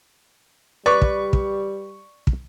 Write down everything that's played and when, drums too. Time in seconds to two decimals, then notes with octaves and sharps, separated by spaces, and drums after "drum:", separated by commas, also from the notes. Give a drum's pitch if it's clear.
0.86 G3 B4 D5 C#6
1.02 drum: kick
1.33 drum: kick
2.27 drum: kick